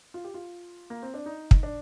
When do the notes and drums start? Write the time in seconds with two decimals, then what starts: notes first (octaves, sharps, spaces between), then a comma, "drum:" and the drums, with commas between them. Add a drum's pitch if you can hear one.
0.14 F4
0.24 G4
0.34 F4
0.90 A#3
1.02 C4
1.14 D4
1.26 D#4
1.51 drum: kick
1.63 D4